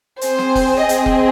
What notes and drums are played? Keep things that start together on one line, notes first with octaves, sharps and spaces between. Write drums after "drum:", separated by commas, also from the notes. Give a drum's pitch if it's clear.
C4 G#4 C5, drum: hi-hat
drum: snare
drum: kick F1, open hi-hat
D#5, drum: hi-hat
drum: kick F1